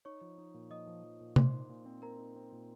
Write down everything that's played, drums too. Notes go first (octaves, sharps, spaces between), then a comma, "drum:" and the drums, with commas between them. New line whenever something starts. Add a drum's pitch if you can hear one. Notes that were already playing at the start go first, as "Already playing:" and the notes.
D#4 C#5 C#6
F3
D#4
A#2
F3 D#5 D#6
F3
F3
A#2
A#2 C5 C6, drum: tom C3
D#4
A#2
C4
C4 A#4 A#5
D#4
C4
A#2